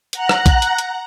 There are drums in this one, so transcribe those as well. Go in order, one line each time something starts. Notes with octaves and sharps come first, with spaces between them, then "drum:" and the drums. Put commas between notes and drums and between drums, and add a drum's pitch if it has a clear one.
F#5 A#5 F#6, drum: hi-hat
drum: rim click
drum: kick A#1, hi-hat
drum: hi-hat
drum: hi-hat